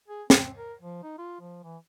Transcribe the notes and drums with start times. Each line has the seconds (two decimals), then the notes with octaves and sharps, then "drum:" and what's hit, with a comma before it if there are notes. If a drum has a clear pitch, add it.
0.08 G#4
0.30 C4, drum: snare
0.58 A#4
0.82 F3
1.03 D#4
1.18 F4
1.41 F3
1.64 E3